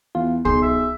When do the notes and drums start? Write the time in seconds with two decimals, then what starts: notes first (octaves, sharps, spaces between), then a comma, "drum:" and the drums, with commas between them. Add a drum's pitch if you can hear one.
0.15 E2 F4
0.45 B1 G#4 C6, drum: kick
0.62 E5